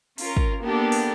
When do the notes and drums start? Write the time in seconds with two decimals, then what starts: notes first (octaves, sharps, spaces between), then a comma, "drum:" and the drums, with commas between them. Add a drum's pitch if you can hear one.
0.18 C#4 F4 A#4, drum: open hi-hat
0.37 drum: kick
0.62 A#3 B3 D4 G4 A4 A#4
0.92 drum: open hi-hat